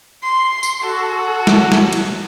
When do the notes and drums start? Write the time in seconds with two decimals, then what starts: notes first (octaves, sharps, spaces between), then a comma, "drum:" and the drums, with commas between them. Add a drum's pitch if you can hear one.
0.23 C6
0.63 drum: tambourine
0.83 F#4 A4
1.47 drum: snare
1.72 drum: snare
1.93 drum: cymbal